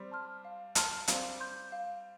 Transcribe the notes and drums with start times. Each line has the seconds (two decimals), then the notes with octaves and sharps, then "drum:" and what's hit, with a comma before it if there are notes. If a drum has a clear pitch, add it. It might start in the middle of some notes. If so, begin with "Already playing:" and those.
Already playing: G3 C4
0.12 A5 C6 F6
0.45 F5
0.75 A5 C6 F6, drum: hi-hat
1.08 G3 C4 F5, drum: hi-hat
1.40 C6 G6
1.72 F5